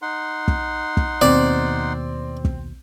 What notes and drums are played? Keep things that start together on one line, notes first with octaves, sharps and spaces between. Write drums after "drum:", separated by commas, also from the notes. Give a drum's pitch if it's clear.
D#4 F#5 C6
drum: kick
drum: kick
D#2 B2 C4 D5
drum: kick